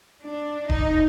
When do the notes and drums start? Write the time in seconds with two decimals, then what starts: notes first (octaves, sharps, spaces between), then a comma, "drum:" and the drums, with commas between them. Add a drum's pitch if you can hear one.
0.23 D4
0.70 D#4, drum: kick E1